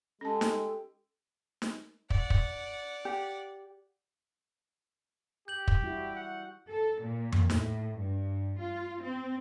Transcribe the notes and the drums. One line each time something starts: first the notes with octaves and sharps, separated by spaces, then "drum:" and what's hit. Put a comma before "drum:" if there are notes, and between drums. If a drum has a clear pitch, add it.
G#3 C#4 G4 A4 A5
drum: snare
drum: snare
D5 F#5, drum: kick
drum: kick
G4
G4 G6 F#7
drum: kick
G3 E4 F#4
F#5
A4
A#2
drum: tom F2
A2, drum: snare
G2
F4
C4